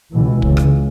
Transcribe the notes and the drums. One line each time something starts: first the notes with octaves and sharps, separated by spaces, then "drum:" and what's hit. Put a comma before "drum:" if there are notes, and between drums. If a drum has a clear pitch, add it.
C#2 B2 E3
C#2 C#3, drum: kick
drum: rim click